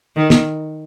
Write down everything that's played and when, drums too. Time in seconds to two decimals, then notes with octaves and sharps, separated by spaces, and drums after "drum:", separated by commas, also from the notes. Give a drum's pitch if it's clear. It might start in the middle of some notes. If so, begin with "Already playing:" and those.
0.16 D#3
0.30 drum: snare